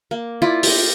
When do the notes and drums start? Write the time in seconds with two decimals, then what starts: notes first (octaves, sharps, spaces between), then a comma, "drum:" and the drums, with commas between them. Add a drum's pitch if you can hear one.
0.11 A#3
0.42 E4 F4 D5
0.63 G4 D#5, drum: open hi-hat